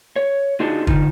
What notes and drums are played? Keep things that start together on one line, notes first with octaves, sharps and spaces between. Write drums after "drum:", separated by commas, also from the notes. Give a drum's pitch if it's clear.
C#5
D4 D#4 F4 F#4 G#4 D#5
D3 D#4 F4, drum: kick